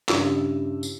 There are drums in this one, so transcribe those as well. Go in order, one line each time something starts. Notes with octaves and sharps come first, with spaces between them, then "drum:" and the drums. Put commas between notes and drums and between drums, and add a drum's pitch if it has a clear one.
G2 C#3 E4 G4 E6, drum: clap
drum: tambourine